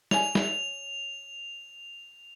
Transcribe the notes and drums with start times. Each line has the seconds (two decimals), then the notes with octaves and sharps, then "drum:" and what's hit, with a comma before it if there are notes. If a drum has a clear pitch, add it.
0.11 C#5 G#5 F7, drum: snare
0.35 drum: snare